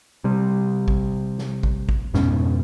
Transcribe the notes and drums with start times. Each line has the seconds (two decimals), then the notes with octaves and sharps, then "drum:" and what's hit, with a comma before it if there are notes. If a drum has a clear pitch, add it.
0.24 C3 G3
0.88 drum: kick
1.38 drum: snare
1.63 drum: kick
1.89 drum: kick
2.14 F2 G#2 B2 C#4, drum: snare